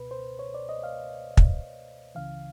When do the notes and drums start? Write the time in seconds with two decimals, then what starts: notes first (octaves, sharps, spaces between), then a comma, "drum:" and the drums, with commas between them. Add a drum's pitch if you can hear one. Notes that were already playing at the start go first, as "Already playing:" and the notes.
Already playing: C#2 B2 B4
0.11 C5
0.39 C#5
0.54 D5
0.69 D#5
0.83 F5
1.37 drum: kick
2.15 C#2 C#3 E3 F5